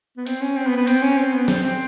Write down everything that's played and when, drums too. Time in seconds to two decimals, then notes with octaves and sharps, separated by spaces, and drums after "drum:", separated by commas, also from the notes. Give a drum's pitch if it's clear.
0.17 B3
0.26 C4, drum: hi-hat
0.41 C#4
0.57 C4
0.67 B3
0.77 B3
0.87 C4, drum: hi-hat
1.02 C#4
1.17 C4
1.33 B3
1.48 C4, drum: snare
1.63 C4